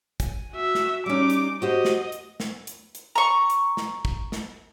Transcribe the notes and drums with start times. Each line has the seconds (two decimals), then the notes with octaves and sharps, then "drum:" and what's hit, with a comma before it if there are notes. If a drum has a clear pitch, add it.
0.20 G#5, drum: kick, hi-hat
0.53 F#4 E5
0.75 drum: snare
1.06 G3 C#4 D#4 D6
1.30 drum: hi-hat
1.62 F#4 G4 C5 D#5
1.85 drum: snare
2.12 drum: hi-hat
2.40 drum: snare
2.67 drum: hi-hat
2.95 drum: hi-hat
3.15 A#5 C#6
3.50 drum: hi-hat
3.77 drum: snare
4.05 drum: kick
4.32 drum: snare